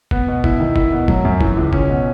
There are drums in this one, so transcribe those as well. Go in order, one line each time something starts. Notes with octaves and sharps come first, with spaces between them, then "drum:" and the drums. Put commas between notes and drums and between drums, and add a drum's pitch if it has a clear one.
B3, drum: kick F#1
B2
E4, drum: kick F#1
D#3
E4, drum: kick F#1
B2
F#3, drum: kick F#1
F#2
E3, drum: kick F#1
C#2
C#4, drum: kick F#1
B2